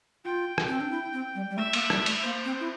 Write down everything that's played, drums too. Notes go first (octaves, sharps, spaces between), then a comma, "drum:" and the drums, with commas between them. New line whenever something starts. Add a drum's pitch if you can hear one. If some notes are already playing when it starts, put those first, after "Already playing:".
F4 G5
drum: rim click
C4
D4
E4
C4
G3
G3
A3 E5
A#3, drum: cymbal
G3, drum: rim click
A3, drum: cymbal
A#3 C5
C4
E4